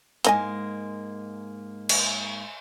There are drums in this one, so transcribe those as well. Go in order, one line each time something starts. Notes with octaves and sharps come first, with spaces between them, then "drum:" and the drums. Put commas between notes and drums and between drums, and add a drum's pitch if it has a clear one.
G#2 G#3 A#3 C4 D#5 G#5, drum: hi-hat
drum: cymbal